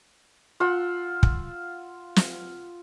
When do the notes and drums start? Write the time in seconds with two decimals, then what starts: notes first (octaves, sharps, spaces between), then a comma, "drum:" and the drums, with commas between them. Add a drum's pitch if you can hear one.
0.60 F4 F#5 E6
1.23 drum: kick
2.16 drum: snare